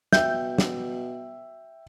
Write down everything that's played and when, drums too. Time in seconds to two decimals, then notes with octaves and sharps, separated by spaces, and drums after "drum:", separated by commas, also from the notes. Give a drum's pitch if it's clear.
0.13 B2 E5 G5 G6, drum: snare
0.58 drum: snare